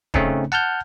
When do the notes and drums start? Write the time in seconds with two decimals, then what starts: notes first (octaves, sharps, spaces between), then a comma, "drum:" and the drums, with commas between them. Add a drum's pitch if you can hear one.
0.14 C#3 A3 C4 C#4 D#4, drum: kick E1
0.52 F#5 A5 F6 G6